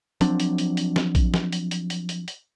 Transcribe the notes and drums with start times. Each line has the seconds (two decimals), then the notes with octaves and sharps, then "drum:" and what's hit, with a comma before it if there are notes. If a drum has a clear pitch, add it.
0.21 F3 F#3 C4 D4, drum: hi-hat
0.40 drum: hi-hat
0.58 drum: hi-hat
0.77 drum: hi-hat
0.96 drum: snare
1.15 drum: kick A#1, hi-hat
1.34 drum: snare
1.52 drum: hi-hat
1.71 drum: hi-hat
1.90 drum: hi-hat
2.09 drum: hi-hat
2.28 drum: hi-hat